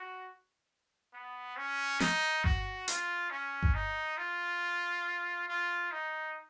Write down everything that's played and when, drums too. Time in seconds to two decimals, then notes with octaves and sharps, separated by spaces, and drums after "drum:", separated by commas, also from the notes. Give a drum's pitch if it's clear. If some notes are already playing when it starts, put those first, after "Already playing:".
Already playing: F#4
1.14 B3
1.57 C#4
2.00 D#4, drum: snare
2.44 F#4, drum: kick G1
2.88 F4, drum: hi-hat
3.31 C#4
3.63 drum: kick G1
3.74 D#4
4.18 F4
5.48 F4
5.92 D#4